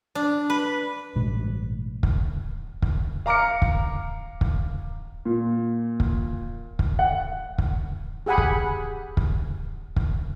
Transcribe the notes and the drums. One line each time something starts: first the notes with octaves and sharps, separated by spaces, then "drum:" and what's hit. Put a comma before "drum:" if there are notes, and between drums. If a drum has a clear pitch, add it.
D4
B4
A1 G2 B2 G#3
drum: kick
drum: kick
F5 A#5 D6 F6 C#7
drum: kick
drum: kick
A#2
drum: kick
drum: kick
F#5
drum: kick
G4 G#4 F#5 G#5 B5
drum: kick
drum: kick
drum: kick